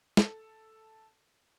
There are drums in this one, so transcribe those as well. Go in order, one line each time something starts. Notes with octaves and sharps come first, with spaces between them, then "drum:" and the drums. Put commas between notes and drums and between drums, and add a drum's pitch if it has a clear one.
A4, drum: snare